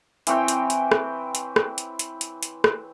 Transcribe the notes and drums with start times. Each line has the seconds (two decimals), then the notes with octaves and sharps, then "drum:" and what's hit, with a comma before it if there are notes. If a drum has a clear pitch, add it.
0.27 E3 C4 C#5 G5, drum: hi-hat
0.48 drum: hi-hat
0.70 drum: hi-hat
0.92 drum: rim click
1.35 drum: hi-hat
1.56 drum: rim click
1.78 drum: hi-hat
1.99 drum: hi-hat
2.21 drum: hi-hat
2.43 drum: hi-hat
2.64 drum: rim click